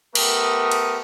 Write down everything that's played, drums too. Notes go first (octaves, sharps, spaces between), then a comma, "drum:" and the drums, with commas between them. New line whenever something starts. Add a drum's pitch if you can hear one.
A3 B3 G4 A#4 D#6, drum: cymbal
drum: cymbal